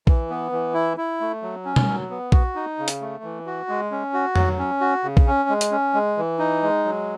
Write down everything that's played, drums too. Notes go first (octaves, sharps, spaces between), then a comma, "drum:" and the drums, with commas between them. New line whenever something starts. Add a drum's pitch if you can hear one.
E3, drum: kick A#1
B3
E3
E4
E4
A3
F#3
C#4
drum: tom
F#3
B3
F#4, drum: kick A#1
D#4
C#3
drum: hi-hat
A3
E3
F#4
G#3
C#4
F#4
F#3, drum: tom F2
C#4
F#4
C#3
drum: kick A#1
C#4
G#3
drum: hi-hat
C#4
G#3
E3
D#4
G#3
F#3